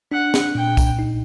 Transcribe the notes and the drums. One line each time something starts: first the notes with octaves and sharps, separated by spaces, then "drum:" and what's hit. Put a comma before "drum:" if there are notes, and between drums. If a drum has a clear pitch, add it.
D4 F#5
drum: snare
A#2 G5
drum: kick, tambourine
D#4